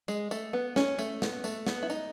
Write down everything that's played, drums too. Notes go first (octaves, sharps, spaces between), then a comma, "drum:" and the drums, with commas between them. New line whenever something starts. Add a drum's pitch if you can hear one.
G#3, drum: tambourine
A3, drum: tambourine
B3
C#4, drum: snare
A3, drum: tambourine
B3, drum: snare
A3, drum: tambourine
B3, drum: snare
E4
D#4, drum: tambourine